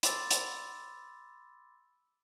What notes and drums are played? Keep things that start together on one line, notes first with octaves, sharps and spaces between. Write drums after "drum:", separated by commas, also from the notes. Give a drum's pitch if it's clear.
B5 C6 D6 E6 A6, drum: hi-hat
drum: hi-hat